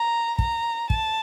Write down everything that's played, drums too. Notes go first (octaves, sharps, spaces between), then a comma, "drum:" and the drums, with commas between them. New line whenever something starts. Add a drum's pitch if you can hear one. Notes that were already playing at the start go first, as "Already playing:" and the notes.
Already playing: A#5
A#5, drum: kick
A5, drum: kick